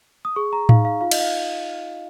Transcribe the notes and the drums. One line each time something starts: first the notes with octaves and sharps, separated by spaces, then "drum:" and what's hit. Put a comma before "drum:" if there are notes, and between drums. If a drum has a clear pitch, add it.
D#6
G#4 C#6
A#5
D#4 F5, drum: tom A2
F5
F4 F5
D#5, drum: cymbal
F5